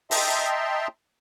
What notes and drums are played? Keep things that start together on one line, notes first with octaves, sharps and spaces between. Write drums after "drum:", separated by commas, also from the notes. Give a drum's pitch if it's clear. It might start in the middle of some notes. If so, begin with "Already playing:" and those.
D#5 E5 G5 A5 A#5 C6, drum: open hi-hat